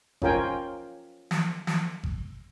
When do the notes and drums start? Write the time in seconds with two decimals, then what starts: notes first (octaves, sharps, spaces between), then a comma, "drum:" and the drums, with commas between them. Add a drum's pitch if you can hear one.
0.22 C#4 F4 A#4 G5 G#5, drum: kick G#1
1.31 drum: snare
1.67 drum: snare
2.04 drum: kick G#1